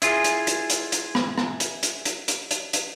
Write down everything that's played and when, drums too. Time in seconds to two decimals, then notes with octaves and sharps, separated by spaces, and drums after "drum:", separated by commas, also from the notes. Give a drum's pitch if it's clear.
0.02 E4 F4 G#4, drum: hi-hat
0.24 drum: hi-hat
0.47 drum: hi-hat
0.70 drum: hi-hat
0.92 drum: hi-hat
1.15 drum: rim click
1.38 drum: rim click
1.60 drum: hi-hat
1.83 drum: hi-hat
2.05 drum: hi-hat
2.28 drum: hi-hat
2.51 drum: hi-hat
2.73 drum: hi-hat